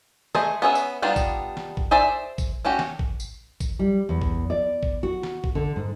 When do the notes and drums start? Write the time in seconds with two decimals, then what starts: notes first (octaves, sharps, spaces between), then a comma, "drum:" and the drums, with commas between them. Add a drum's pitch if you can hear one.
0.35 A3 G#4 C5 D#5, drum: snare
0.62 B3 C#4 G#4 B4 E5
0.75 drum: tambourine
1.02 G3 B3 D4 D#4 F4
1.16 drum: kick, tambourine
1.57 drum: snare
1.77 drum: kick
1.91 G#4 C5 D5 E5
2.38 drum: kick, tambourine
2.65 A3 C#4 F#4 G4
2.79 drum: snare
2.99 drum: kick
3.20 drum: tambourine
3.60 drum: kick, tambourine
3.79 G3
4.09 E2
4.22 drum: kick
4.50 D5
4.83 drum: kick
5.03 F#4
5.23 drum: snare
5.44 drum: kick
5.55 D3
5.76 G#2